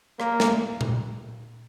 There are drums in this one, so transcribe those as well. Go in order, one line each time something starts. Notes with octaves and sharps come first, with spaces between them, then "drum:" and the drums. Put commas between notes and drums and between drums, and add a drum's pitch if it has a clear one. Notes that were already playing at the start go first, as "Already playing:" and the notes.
A#3, drum: rim click
drum: snare
drum: tom A#2